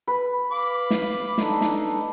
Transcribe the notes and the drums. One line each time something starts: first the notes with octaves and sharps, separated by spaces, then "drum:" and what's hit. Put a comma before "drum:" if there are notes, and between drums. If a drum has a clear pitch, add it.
B4
F5 B5 D6
drum: snare
D4 D#4 A4, drum: snare
drum: snare